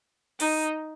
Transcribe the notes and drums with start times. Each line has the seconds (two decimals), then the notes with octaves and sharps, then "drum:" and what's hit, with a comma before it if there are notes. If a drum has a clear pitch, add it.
0.40 D#4, drum: open hi-hat